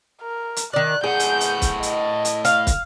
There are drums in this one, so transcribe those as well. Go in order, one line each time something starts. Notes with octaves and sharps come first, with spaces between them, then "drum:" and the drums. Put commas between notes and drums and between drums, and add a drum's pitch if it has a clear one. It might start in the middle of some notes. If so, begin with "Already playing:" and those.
A#4
drum: hi-hat
D#3 D5 F#6
A2 G#4 F#5 G6
drum: hi-hat
drum: hi-hat
drum: kick, hi-hat
D#5, drum: hi-hat
drum: hi-hat
F5, drum: hi-hat
drum: kick, hi-hat